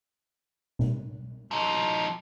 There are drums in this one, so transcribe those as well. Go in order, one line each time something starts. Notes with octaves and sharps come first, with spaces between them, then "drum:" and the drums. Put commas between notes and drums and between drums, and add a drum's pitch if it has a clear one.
drum: tom B2
F3 D#4 A#5